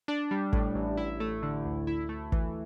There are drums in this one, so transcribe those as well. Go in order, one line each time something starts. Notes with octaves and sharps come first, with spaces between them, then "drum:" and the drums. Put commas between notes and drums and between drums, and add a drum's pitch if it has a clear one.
D4
G3
A2, drum: kick
A1
E4
A3
D3
D2
E4
A3
E3, drum: kick